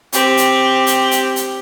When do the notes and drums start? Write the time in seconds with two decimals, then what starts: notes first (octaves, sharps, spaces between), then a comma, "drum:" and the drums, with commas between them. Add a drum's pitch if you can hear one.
0.13 C4 G4, drum: hi-hat
0.37 drum: hi-hat
0.87 drum: hi-hat
1.11 drum: hi-hat
1.36 drum: hi-hat